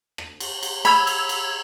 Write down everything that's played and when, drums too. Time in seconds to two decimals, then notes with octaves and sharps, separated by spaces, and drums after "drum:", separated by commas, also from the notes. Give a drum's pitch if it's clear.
0.18 drum: rim click
0.40 drum: cymbal
0.63 drum: cymbal
0.85 B5 E6 G#6 F7, drum: cymbal
1.07 drum: cymbal
1.29 drum: cymbal